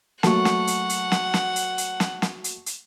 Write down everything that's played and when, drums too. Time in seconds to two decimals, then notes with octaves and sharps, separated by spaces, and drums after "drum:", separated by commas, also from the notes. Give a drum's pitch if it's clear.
0.23 F#3 A3 A#3 F#5 A5 C#6, drum: snare
0.45 drum: snare
0.67 drum: hi-hat
0.89 drum: hi-hat
1.12 drum: snare
1.34 drum: snare
1.56 drum: hi-hat
1.78 drum: hi-hat
2.00 drum: snare
2.22 drum: snare
2.44 drum: hi-hat
2.66 drum: hi-hat